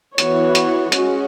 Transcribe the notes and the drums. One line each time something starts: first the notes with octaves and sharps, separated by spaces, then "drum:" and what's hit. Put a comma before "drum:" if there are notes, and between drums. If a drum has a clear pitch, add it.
E3 B3 F#4 C#5, drum: hi-hat
drum: hi-hat
G#3 C#4 F#4, drum: hi-hat